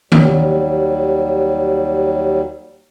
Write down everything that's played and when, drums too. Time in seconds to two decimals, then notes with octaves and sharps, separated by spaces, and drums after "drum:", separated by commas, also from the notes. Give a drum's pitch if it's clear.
0.12 D#2 F#3 G3, drum: tom D#3